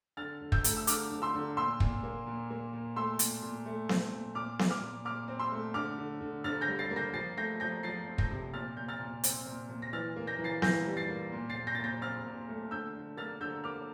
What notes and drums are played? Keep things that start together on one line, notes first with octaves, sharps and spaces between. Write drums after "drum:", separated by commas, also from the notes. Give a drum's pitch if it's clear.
D3 F6 A6
D3
E6 G6, drum: kick
A3, drum: hi-hat
E6
D3 D6 F6, drum: hi-hat
D3
C6 E6
D3
A#2 C6 E6
A#2, drum: kick
A#3
A#2
A#3
A#2
A3 C6 E6
A#2, drum: hi-hat
A#2
A3
C4, drum: snare B3
A#2
A#2 D6 F6
A#2, drum: snare B3
D6 F6
A#2
A#2 D6 F6
C4
C6 E6
A3
D3 D6 F6
D3
D3
D3 F6 A6
G6 A#6
G3
A6 C7
A#3
G6 A#6
F3 A6 C7
A3 G6 A#6
F3 G6 A#6
F3 A6 C7
C4
G6 A#6, drum: kick
C3
A#2 F6 A6
A#2 G6
F6 A6
A#2
C4, drum: hi-hat
A#2
A#2
A#6
E3 F6 A6
A#3
G6 A#6
E3
A6 C7
E3 G6 A#6, drum: snare B3
G3
A6 C7
A#3
A#2
A#2 A6 C7
G6 A#6
A#2 A6
G6 A#6
C4 F6 A6
A#2
A3
D3 E6 G6
D3
A#3 F6 A6
D3 E6 G6
A#3 D6 F6